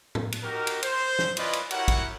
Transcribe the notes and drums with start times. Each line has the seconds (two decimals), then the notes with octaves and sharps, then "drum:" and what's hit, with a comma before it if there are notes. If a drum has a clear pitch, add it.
0.15 drum: tom A2
0.32 drum: cymbal
0.43 D#4 F#4 G4 A#4
0.67 drum: cymbal
0.83 C5, drum: cymbal
1.19 drum: snare
1.37 C#4 E4 F4 B4 D5 D#5, drum: cymbal
1.53 drum: cymbal
1.71 E4 F#4 G4 A#4 C#5 F#5, drum: cymbal
1.88 drum: kick, cymbal